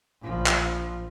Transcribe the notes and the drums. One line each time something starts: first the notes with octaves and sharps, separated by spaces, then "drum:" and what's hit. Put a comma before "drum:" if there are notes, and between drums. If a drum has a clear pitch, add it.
A#1 F3
drum: clap